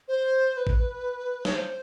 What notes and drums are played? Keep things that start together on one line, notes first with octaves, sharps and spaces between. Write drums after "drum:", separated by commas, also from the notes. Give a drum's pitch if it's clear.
C5
B4
drum: kick A1
C#5, drum: snare
C5